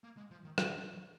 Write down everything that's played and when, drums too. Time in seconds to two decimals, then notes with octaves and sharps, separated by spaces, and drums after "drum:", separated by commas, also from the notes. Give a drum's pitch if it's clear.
0.04 A#3
0.17 G#3
0.31 F3
0.44 D#3
0.58 D#3, drum: rim click
0.76 F3
0.94 F#3